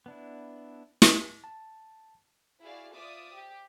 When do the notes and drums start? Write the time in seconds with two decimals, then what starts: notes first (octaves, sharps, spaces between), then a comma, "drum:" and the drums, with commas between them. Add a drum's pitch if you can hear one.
0.06 B3 D4 E4
1.02 drum: snare
1.44 A5
2.61 E4 F#4 G#4 D5 F5
2.94 F4 C5 D5 E5 D6 D#6
3.34 G4